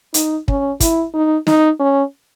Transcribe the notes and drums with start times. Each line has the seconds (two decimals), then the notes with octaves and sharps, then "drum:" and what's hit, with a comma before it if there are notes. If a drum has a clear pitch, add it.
0.14 D#4, drum: hi-hat
0.48 C#4, drum: kick
0.80 E4, drum: kick, hi-hat
1.14 D#4
1.47 D#4, drum: snare
1.79 C#4